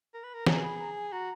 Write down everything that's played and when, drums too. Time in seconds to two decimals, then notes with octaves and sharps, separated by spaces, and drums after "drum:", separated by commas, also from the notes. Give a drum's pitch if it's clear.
0.14 A#4
0.23 B4
0.34 A#4
0.47 G#4 A#5, drum: snare
0.63 B5
0.79 A#5
0.95 G#5
1.12 F#4 A#5